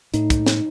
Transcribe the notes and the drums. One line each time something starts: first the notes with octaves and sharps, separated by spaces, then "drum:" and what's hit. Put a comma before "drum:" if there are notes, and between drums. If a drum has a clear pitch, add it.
A2 D#4, drum: hi-hat
drum: kick, hi-hat
drum: snare